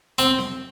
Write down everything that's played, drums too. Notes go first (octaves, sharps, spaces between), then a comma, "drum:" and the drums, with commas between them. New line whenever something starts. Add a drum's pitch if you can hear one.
C4, drum: hi-hat
drum: snare C4